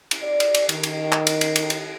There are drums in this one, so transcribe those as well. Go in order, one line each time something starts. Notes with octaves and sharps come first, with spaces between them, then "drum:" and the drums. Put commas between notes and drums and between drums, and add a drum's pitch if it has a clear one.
drum: cymbal
D5
drum: cymbal
drum: cymbal
D#3, drum: cymbal
drum: cymbal
drum: clap
drum: cymbal
drum: cymbal
drum: cymbal
drum: cymbal